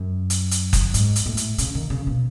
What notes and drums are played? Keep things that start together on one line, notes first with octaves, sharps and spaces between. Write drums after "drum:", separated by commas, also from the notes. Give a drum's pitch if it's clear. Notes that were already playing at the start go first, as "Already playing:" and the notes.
Already playing: F#2
drum: hi-hat
drum: hi-hat
drum: kick F#1, hi-hat
G#2, drum: hi-hat
drum: hi-hat
A2
drum: hi-hat
C#3, drum: hi-hat
D#3
C#3
B2